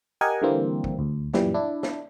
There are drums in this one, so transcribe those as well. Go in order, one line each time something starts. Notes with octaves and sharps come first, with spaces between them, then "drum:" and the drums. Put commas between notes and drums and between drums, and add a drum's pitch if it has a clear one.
G4 A#4 D#5 F#5 G#5
D3 E3 G3 A#3 C4
drum: kick
D2
F#2 A#2 E3 G3, drum: snare
D4 E4
drum: snare